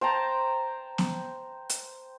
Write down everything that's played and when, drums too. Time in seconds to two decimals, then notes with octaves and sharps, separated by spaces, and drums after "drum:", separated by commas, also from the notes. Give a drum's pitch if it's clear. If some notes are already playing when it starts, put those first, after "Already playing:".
0.01 C5 G5 A5 A#5
0.98 drum: snare B3
1.69 drum: hi-hat